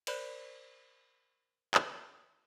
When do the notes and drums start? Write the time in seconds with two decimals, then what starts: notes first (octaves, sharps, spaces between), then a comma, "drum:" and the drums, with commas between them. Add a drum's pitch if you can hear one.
0.07 A#4 C5 D5 B5 F#6 G6, drum: cymbal
1.74 drum: clap